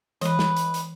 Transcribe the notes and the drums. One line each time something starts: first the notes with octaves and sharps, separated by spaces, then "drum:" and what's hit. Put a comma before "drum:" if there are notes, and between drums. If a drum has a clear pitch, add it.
E3 G#3 B4 D#5, drum: hi-hat
drum: snare
drum: hi-hat
drum: hi-hat